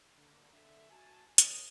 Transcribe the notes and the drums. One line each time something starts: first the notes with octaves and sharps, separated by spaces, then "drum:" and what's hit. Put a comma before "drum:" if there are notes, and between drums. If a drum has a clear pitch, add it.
D3 A#3
D3 E5
F#4 G#5 A5
F#1 B1 A#4 C#5 D#5, drum: hi-hat